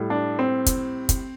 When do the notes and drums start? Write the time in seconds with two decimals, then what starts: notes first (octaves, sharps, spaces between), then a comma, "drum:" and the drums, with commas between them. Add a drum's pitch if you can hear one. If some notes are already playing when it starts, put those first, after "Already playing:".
Already playing: A2 G3
0.10 D4
0.39 C4
0.66 drum: kick, hi-hat
1.09 drum: kick, hi-hat